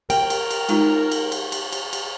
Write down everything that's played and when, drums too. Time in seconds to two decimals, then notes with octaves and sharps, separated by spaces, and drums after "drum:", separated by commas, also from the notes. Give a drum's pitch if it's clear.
0.10 A#4 G5, drum: cymbal
0.30 drum: cymbal
0.51 drum: cymbal
0.69 G#3 D#4 F4, drum: cymbal
1.12 drum: cymbal
1.32 drum: cymbal
1.52 drum: cymbal
1.72 drum: cymbal
1.93 drum: cymbal